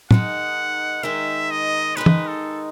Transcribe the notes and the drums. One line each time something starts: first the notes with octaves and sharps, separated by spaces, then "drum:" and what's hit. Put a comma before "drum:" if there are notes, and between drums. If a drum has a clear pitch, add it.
D#3 G#3 D#4 F#5, drum: tom A2
D#3 G#3 D#4 E5
D#5
D#3 G#3 D#4 B4
drum: tom
A4